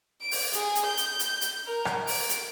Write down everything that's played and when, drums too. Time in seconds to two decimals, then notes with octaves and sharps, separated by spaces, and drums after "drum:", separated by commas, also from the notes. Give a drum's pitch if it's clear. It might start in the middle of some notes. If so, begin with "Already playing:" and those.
0.22 D7
0.31 drum: open hi-hat
0.53 G#4, drum: hi-hat
0.75 drum: hi-hat
0.86 G6
0.97 drum: hi-hat
1.19 drum: hi-hat
1.41 drum: hi-hat
1.66 A#4
1.85 drum: rim click
2.07 D7, drum: open hi-hat
2.29 drum: hi-hat